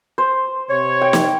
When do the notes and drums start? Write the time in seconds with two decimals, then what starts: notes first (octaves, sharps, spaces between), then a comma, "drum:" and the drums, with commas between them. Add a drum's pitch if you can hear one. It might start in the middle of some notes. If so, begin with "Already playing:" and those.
0.18 C5
0.69 C3 C#5
1.01 G5
1.13 drum: snare